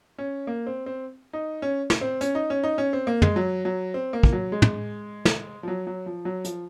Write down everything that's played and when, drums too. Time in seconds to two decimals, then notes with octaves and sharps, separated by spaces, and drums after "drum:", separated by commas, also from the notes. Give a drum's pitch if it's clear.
0.18 C#4
0.47 A#3
0.67 C4
0.86 C4
1.33 D#4
1.62 C#4
1.90 drum: snare
2.01 C4
2.21 C#4, drum: hi-hat
2.35 D#4
2.50 C#4
2.63 D#4
2.78 C#4
2.93 C4
3.07 A#3
3.22 G#3, drum: tom
3.36 F#3
3.65 F#3
3.94 C4
4.13 A#3
4.23 drum: kick
4.33 F#3
4.52 G#3
4.62 drum: tom
5.25 drum: snare
5.63 F3
5.68 F#3
5.87 F#3
6.06 F3
6.25 F#3
6.45 F3, drum: hi-hat